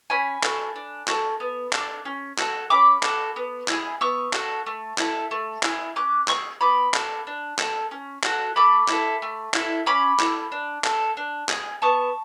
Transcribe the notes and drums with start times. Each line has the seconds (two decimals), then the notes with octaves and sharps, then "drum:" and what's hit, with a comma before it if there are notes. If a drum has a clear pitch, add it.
0.10 C#4 G#5 B5
0.44 F#4 A4, drum: clap
0.76 D4
1.08 F#4 A4, drum: clap
1.40 B3
1.73 D4 A4, drum: clap
2.05 C#4
2.39 F#4 A4, drum: clap
2.70 C#4 B5 D6
3.03 F#4 A4, drum: clap
3.36 B3
3.68 E4 G#4, drum: clap
4.01 B3 C#6 E6
4.33 F#4 A4, drum: clap
4.66 A3
4.98 E4 A4, drum: clap
5.31 A3
5.63 E4 G#4, drum: clap
5.96 C#4 D6 F#6
6.28 G#4 C#6 E6, drum: clap
6.61 B3 B5 D6
6.94 F#4 A4, drum: clap
7.27 D4
7.59 A4, drum: clap
7.91 C#4
8.24 F#4 A4, drum: clap
8.56 A3 B5 D6
8.88 E4 A4, drum: clap
9.22 A3
9.54 E4 A4, drum: clap
9.86 C#4 B5 D6
10.20 E4 A4, drum: clap
10.52 D4
10.84 A4, drum: clap
11.17 D4
11.49 G#4, drum: clap
11.82 B3 A5 C#6